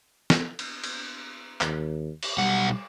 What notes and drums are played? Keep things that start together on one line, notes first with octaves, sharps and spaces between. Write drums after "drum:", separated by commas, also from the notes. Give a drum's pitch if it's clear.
drum: snare
drum: cymbal
drum: cymbal
D#2, drum: clap
drum: cymbal
B1 G3 F#5